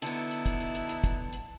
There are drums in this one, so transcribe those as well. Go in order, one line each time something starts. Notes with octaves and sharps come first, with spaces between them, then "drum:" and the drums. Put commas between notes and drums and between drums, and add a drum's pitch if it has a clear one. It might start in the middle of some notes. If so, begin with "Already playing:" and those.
D3 F#3 B3 D#4 E4 A5, drum: hi-hat
drum: hi-hat
drum: kick, hi-hat
drum: hi-hat
drum: hi-hat
drum: hi-hat
drum: kick, hi-hat
drum: hi-hat